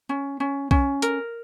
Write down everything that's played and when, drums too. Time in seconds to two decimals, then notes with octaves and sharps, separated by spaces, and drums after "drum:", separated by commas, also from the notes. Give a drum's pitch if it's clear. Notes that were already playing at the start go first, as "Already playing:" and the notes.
0.09 C#4
0.40 C#4
0.71 C#4, drum: kick B1
1.02 A#4, drum: hi-hat